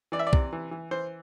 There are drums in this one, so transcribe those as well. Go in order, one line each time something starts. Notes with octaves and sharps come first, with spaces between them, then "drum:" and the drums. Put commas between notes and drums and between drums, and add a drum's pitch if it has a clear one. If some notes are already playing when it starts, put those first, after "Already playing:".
E3 D5
E5
D5
C3, drum: kick B1
E3
E3
E3 C5